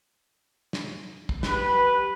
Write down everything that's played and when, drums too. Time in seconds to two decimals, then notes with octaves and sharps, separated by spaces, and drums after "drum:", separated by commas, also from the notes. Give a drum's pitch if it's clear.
0.73 drum: snare
1.29 drum: kick
1.43 G4 B4, drum: snare